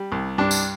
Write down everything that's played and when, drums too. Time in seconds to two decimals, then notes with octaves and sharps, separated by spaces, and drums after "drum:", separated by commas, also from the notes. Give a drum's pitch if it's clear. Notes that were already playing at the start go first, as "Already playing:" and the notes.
Already playing: G3
0.12 C2
0.38 G2 D4
0.51 drum: tambourine